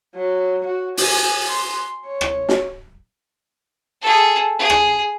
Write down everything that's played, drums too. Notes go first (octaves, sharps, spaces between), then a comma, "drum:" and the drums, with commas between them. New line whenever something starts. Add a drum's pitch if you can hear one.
F#3
F#4
G#5, drum: open hi-hat
C6
C#5
drum: rim click
drum: snare
G#4 A4
G#4
drum: rim click